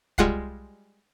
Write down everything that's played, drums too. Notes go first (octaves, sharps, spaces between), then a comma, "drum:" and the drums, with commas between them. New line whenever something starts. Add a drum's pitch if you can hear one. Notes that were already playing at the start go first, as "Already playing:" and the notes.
G3 G#3 F4 F#5 C7, drum: kick